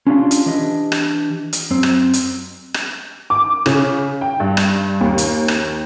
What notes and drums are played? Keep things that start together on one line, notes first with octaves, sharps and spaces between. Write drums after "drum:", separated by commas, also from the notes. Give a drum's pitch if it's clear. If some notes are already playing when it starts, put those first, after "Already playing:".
C#4 D4 F4 G4 D5 F5
drum: hi-hat
E3 D4 G4 D#5
drum: rim click
drum: hi-hat
F#2 C4
drum: rim click
drum: hi-hat
drum: rim click
D6
C#3, drum: rim click
G5
G2
drum: rim click
D#2
drum: hi-hat
drum: rim click